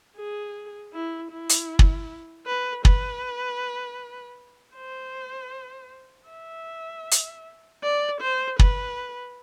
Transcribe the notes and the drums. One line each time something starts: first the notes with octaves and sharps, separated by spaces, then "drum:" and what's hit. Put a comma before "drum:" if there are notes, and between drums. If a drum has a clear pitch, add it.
G#4
E4
E4
drum: hi-hat
drum: kick
B4
B4, drum: kick
C5
E5
drum: hi-hat
D5
C5
B4, drum: kick